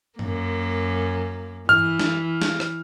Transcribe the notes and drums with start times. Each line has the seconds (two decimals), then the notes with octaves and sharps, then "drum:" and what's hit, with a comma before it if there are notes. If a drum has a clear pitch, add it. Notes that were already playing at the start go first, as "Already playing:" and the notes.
0.19 F#2 A#3, drum: tom G2
1.69 E3 F6, drum: tom G2
1.99 drum: snare
2.42 drum: snare
2.60 drum: rim click